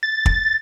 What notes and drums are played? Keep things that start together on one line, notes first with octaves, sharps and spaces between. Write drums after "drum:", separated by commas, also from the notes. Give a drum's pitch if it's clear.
A6
drum: kick